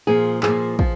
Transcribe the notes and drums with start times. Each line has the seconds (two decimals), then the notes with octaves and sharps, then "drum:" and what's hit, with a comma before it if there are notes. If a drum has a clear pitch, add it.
0.07 A#2 F3 G#4
0.43 A#2 F3 G#4, drum: clap
0.79 F3, drum: kick